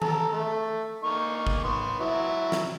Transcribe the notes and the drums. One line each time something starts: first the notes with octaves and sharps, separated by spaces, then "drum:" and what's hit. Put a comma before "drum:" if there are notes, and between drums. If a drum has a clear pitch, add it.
A4 A#5, drum: tom D#3
A3
A#3 D#4 C#6
drum: kick
B3 C6
F#3 E4
drum: snare